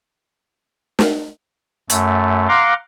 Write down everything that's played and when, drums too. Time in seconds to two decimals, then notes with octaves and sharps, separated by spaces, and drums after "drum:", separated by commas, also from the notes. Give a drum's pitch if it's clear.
0.99 drum: snare
1.90 F#2 A3, drum: hi-hat
2.48 F5 F#5 A#5 C6 D6